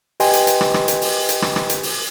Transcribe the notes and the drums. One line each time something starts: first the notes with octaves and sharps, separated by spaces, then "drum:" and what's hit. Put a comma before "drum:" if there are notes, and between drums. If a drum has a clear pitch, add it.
G4 B4 D#5 G5 G#5 C6, drum: open hi-hat
drum: hi-hat
drum: hi-hat
drum: rim click
drum: rim click
drum: hi-hat
drum: open hi-hat
drum: hi-hat
drum: rim click
drum: rim click
drum: hi-hat
drum: open hi-hat